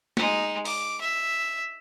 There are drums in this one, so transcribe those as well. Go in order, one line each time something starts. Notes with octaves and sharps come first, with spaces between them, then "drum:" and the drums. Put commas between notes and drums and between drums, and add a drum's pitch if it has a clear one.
G#3 D#4, drum: snare
D6, drum: open hi-hat
E5